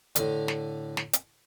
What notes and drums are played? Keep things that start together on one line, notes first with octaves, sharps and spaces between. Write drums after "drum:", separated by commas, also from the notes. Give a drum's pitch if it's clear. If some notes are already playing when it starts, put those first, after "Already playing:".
A2 D3, drum: hi-hat
drum: snare
drum: snare
drum: hi-hat